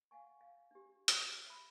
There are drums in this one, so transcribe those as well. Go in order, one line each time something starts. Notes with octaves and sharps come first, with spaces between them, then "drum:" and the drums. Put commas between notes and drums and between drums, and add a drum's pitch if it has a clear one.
F5 F#5 G#5 C#6
F5
D4 G4
drum: hi-hat
E5 B5